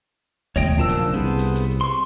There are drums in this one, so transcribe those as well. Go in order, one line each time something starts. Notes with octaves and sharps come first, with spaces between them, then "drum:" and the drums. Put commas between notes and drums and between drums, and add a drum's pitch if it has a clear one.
E1 D2 C#5 D#5 G5, drum: kick D#2, hi-hat
F#1 A#2 F3 D4 A5 E6
drum: hi-hat
C2 B3 G#4 C5
drum: hi-hat
drum: hi-hat
C6 C#6